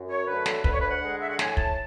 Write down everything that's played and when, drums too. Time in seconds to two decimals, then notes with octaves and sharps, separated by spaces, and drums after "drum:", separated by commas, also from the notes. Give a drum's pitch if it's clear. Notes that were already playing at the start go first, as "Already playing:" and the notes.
Already playing: F#2
0.09 C#5
0.27 D3 F#3 A3 B4
0.46 A4, drum: snare
0.64 D2 B4, drum: kick
0.72 C#5
0.81 B4
0.89 F#5
1.01 D3 G#3
1.21 E5
1.30 F#5
1.39 A2 G#5, drum: snare
1.57 A5, drum: kick